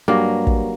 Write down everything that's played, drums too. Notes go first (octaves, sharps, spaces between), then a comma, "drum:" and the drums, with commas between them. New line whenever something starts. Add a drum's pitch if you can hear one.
G2 F#3 A#3
drum: kick